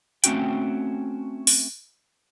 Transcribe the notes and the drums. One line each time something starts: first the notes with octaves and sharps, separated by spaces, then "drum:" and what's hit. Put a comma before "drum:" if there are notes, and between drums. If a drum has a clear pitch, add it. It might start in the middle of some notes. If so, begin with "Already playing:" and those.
A3 C4 C#4 F#4 G5, drum: hi-hat
drum: open hi-hat